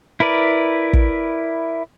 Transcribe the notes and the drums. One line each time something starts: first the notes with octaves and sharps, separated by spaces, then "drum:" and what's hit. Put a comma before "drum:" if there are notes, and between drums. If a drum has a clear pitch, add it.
E4 A#4 B4 D5
drum: kick